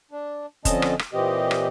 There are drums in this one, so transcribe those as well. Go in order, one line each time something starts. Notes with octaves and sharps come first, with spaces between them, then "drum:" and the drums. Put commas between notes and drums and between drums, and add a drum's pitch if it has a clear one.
D4
F2 D3 C4 C#4 D#5 A5, drum: kick F1, hi-hat
drum: rim click
drum: rim click
A#2 E3 C4 G4 D#5
drum: rim click